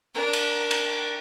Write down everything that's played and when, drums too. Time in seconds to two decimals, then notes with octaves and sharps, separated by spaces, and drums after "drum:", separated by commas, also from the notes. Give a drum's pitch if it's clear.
0.14 D4 A#4
0.33 drum: cymbal
0.71 drum: cymbal